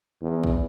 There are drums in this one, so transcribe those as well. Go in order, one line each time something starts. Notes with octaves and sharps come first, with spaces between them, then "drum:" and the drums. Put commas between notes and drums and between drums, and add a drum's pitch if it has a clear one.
E2
drum: kick